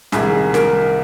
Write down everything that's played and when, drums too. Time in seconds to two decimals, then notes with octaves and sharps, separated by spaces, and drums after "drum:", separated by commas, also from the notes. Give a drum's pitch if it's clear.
0.12 C2 C3 D#3 G#4, drum: snare
0.54 A#4, drum: snare